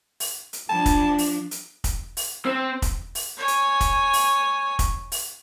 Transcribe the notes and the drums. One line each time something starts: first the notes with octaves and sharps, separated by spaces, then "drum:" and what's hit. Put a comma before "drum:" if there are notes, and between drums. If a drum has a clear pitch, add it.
drum: open hi-hat
drum: hi-hat
F3 D4 A5
drum: kick, hi-hat
drum: open hi-hat
drum: hi-hat
drum: kick, hi-hat
drum: open hi-hat
C4
drum: kick, hi-hat
drum: open hi-hat
C#5 G#5
drum: hi-hat
drum: kick, hi-hat
drum: open hi-hat
drum: kick, hi-hat
drum: open hi-hat